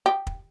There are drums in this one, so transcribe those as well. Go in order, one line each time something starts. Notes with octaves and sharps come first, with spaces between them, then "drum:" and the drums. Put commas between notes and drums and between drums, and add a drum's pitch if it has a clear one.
G4
drum: kick